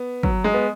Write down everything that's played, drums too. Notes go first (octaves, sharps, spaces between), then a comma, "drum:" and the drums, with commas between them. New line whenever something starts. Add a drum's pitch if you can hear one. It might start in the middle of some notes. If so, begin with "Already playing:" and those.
Already playing: B3
F#3, drum: kick
G#3
B3